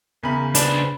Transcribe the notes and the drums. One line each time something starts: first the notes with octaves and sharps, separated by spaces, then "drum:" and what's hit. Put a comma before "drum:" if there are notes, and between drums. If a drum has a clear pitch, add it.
E2 C#3 A#4 B5
D4 B4 C5, drum: hi-hat